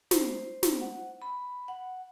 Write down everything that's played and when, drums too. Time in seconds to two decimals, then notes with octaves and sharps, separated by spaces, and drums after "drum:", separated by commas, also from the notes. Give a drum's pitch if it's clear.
0.11 C5, drum: snare
0.63 drum: snare
0.81 F#5
1.22 B5
1.68 F#5